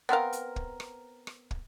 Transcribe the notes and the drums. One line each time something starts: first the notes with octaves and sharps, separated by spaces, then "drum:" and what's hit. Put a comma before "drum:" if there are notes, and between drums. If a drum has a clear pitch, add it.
B3 C4 A#4 F5
drum: hi-hat
drum: kick
drum: rim click
drum: rim click
drum: kick